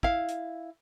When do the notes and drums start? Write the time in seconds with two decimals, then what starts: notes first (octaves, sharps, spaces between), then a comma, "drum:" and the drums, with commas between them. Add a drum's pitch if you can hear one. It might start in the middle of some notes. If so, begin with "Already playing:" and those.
0.03 E4 F5, drum: kick
0.29 drum: hi-hat